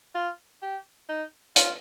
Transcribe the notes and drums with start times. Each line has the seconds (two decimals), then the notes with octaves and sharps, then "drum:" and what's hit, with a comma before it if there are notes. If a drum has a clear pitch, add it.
0.15 F4
0.62 G4
1.09 D#4
1.56 F4, drum: hi-hat